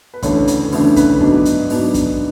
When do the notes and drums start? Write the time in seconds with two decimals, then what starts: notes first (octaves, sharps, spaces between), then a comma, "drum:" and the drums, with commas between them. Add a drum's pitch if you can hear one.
0.14 B4
0.22 D2 C#3 E3 A3 D4 C#5, drum: kick, hi-hat
0.47 drum: hi-hat
0.72 D2 C#3 E3 A3 D4, drum: open hi-hat
0.96 B4, drum: kick, hi-hat
1.21 G#2 F#3 B3 D4, drum: kick
1.45 drum: hi-hat
1.70 G#2 F#3 B3 D4, drum: open hi-hat
1.94 drum: kick, hi-hat